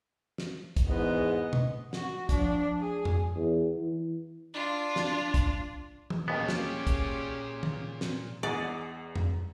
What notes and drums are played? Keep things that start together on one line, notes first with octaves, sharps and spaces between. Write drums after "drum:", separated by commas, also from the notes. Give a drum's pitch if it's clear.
drum: snare
drum: kick, hi-hat
E2 G#2 B3 D#5
drum: tom B2
F#4, drum: snare
F3 D4, drum: kick, hi-hat
G#4
drum: tom F2
E2
E3
D4 F4
drum: snare
drum: kick, hi-hat
drum: tom
D#2 A#2 B3 C#4 G4 G#4
drum: snare
drum: kick, hi-hat
drum: tom D#3
drum: snare
E2 G#4 D5 D#5 F#5
drum: tom F2